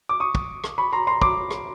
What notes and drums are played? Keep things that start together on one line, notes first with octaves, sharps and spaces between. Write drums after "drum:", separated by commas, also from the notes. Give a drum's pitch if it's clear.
D6
C#6 D#6
drum: kick
drum: rim click
B5 C#6
A#5 C6
A#5 C6
C6 D6, drum: kick
drum: rim click